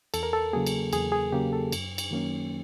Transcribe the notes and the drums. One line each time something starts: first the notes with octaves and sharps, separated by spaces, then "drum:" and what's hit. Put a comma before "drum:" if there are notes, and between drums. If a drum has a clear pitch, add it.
E2 A4, drum: cymbal
A#4
A4
C#3 F#3 A#3 G#4
drum: cymbal
E2 G#4, drum: cymbal
G#4
C#3 F#3 A#3 G4
A4
F#2, drum: cymbal
drum: cymbal
D#3 F#3 A#3 C#4